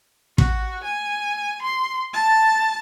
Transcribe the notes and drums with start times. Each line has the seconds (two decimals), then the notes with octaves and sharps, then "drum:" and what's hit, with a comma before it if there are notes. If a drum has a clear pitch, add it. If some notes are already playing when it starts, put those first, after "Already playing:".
0.38 F#4, drum: kick
0.84 G#5
1.62 C6
2.14 A5